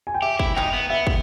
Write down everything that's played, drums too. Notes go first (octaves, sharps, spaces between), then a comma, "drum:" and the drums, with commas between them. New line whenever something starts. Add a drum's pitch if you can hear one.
G#5
G5
G4 E5
E4, drum: kick
D#4 G5, drum: clap
B3
B3 E5
drum: kick